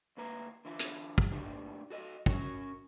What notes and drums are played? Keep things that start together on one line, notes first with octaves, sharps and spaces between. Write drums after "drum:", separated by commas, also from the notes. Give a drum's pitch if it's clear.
D2 A#3 B4 A#5
D3 E3 E4 F4
drum: hi-hat
drum: kick
A#2 D#3 A3 B3 D4 G4
F#4 A4 D#5
C#4 F#4 A#4 C#5, drum: kick